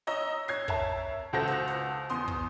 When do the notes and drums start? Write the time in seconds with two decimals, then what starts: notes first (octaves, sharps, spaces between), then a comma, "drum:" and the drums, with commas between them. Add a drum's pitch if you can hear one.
0.07 C#5 D#5 A#5 E6, drum: snare
0.48 C#5 G#6 C7, drum: snare
0.68 A#4 C#5 E5 A5, drum: kick
1.33 C#2 F#4 A4 C5 G6 A#6
1.47 drum: snare
1.68 drum: snare
2.09 E2 C6 D#6, drum: snare
2.28 drum: kick